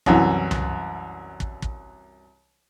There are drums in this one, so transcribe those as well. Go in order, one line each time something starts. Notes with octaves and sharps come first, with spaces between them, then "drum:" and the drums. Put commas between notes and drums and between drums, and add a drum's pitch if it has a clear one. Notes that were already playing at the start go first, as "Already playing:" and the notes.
C2 F#2 E3, drum: kick
drum: tom C2
drum: kick
drum: kick